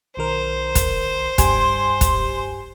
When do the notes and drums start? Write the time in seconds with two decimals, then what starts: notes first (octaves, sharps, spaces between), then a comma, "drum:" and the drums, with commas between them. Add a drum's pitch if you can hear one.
0.17 B1 D#3 A#4 C5
0.75 drum: kick, hi-hat
1.38 G2 G4 G#5 C6, drum: kick, hi-hat
2.01 drum: kick, hi-hat